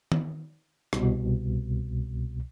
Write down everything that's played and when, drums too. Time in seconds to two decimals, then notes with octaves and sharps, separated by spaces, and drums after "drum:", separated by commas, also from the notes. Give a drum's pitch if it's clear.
0.12 drum: tom D#3
0.93 C2 B2, drum: rim click